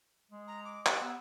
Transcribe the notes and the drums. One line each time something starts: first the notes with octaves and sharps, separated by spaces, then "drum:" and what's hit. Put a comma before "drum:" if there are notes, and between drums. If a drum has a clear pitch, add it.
G#3
A#5
D6
G4 F#6, drum: clap
B3 E6